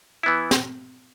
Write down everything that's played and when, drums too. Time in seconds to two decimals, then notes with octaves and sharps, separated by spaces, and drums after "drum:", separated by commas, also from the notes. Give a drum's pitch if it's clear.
0.23 E3 B3 E4
0.51 drum: snare